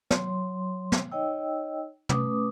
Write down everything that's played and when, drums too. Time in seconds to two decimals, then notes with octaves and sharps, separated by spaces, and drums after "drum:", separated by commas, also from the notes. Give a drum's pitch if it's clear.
0.11 F#3 C#5 C6, drum: snare
0.92 drum: snare
1.12 D#4 C#5 D#5 G5 E6
2.09 A3 C#4 B4 D6 D#6, drum: tom